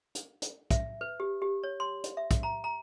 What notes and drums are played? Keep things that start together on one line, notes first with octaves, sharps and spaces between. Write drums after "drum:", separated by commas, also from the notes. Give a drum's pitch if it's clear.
drum: hi-hat
drum: hi-hat
E5, drum: kick, hi-hat
B4
G4
G4
C#5
C6
drum: hi-hat
E5
drum: kick, hi-hat
A#5
A#5